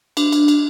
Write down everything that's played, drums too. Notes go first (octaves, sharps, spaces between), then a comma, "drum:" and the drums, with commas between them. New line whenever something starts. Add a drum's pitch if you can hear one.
D4, drum: cymbal
drum: cymbal
drum: cymbal